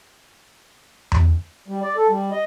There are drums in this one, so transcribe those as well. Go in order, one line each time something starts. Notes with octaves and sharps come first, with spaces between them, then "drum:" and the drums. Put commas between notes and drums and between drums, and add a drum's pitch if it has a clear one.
drum: tom E2
G3
D5
A4
G3
D#5